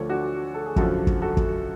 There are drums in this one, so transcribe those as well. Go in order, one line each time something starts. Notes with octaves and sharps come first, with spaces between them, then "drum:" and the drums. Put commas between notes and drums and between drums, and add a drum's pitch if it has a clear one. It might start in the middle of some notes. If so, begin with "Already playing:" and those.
Already playing: D2 D3 F3 A4 C#5
D4 F#4
A4
G#4
F#2 D3 F3 F#4 A4, drum: kick
drum: kick
F#4 A4
drum: kick